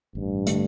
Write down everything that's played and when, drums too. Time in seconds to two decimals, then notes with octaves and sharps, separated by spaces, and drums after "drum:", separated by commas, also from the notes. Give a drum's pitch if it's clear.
0.15 A1 G2
0.47 D3 A3, drum: hi-hat